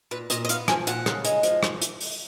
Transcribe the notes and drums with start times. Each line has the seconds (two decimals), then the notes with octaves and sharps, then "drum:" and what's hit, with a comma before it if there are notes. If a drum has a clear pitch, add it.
0.11 A#2 B4
0.30 A#2 D#5, drum: hi-hat
0.45 D#5
0.49 B3 F5, drum: hi-hat
0.68 F3 G#5, drum: rim click
0.87 A#2 F#5, drum: hi-hat
1.06 C#3, drum: rim click
1.24 G#3, drum: hi-hat
1.43 F3, drum: hi-hat
1.63 drum: rim click
1.82 drum: hi-hat
2.00 drum: open hi-hat